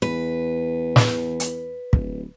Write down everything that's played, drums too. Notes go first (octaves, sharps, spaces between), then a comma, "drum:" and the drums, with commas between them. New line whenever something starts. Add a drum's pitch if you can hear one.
E2 B4
drum: snare
drum: hi-hat
D1, drum: kick